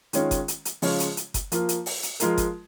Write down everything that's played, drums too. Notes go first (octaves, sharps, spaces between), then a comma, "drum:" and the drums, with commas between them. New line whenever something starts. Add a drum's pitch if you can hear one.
D#3 G#3 C#4 F4 C#5, drum: hi-hat
drum: kick F#1, hi-hat
drum: hi-hat
drum: hi-hat
C#3 F3 G#3 F4 C#5, drum: open hi-hat
drum: hi-hat
drum: hi-hat
drum: kick F#1, hi-hat
F3 A#3 F4, drum: hi-hat
drum: hi-hat
drum: open hi-hat
drum: hi-hat
F3 G#3 F4 A#4, drum: hi-hat
drum: kick F#1, hi-hat